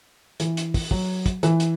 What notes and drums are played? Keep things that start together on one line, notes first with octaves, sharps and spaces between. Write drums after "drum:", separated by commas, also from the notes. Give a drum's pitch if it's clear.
E3, drum: hi-hat
drum: hi-hat
drum: kick, open hi-hat
F#3, drum: kick
drum: kick, hi-hat
E3, drum: hi-hat
drum: hi-hat